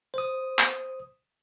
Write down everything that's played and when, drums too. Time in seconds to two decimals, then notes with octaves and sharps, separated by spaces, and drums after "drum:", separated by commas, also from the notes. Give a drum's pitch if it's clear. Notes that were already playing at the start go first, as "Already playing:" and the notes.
0.14 C5 D#6
0.59 drum: clap